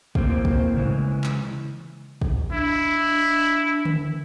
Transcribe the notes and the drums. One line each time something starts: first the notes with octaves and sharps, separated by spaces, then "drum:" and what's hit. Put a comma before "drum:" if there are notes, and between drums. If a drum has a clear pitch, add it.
A2 A#3 C4 C5, drum: kick
drum: kick
C#3 E3 G#3
drum: clap
drum: kick
D4 E4
drum: tom D3